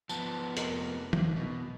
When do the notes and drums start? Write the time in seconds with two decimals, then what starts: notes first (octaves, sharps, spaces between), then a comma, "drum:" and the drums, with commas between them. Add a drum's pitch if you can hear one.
0.09 F3 B3 A5, drum: tambourine
0.57 F1 A#4 D#5, drum: hi-hat
1.13 drum: tom
1.36 B2